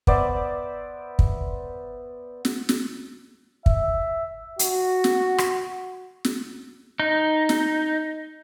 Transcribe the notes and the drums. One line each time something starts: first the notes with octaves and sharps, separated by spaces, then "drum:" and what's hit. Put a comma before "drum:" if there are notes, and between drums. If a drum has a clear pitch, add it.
B3 C5 D5 E5, drum: kick
drum: kick
drum: snare
drum: snare
E5, drum: kick
F#4, drum: hi-hat
drum: snare
drum: rim click
drum: snare
D#4
drum: snare